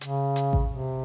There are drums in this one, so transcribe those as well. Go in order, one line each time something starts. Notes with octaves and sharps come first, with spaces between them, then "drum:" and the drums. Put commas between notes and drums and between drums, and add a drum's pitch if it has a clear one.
C#3, drum: hi-hat
drum: hi-hat
drum: kick A1
C3